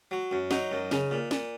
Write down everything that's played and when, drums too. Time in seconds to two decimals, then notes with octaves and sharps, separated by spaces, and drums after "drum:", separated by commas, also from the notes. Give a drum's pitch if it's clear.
0.11 F#3
0.31 F#2
0.51 F#3 D#4, drum: snare
0.71 F#2
0.91 C#3, drum: snare
1.11 A#2
1.31 A#2, drum: snare